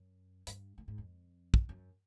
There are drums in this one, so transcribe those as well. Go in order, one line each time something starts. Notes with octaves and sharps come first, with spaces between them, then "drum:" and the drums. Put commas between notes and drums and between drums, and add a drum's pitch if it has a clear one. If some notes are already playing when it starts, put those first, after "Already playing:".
Already playing: F#2
G2, drum: hi-hat
A2
G#2
F2
drum: kick
F#2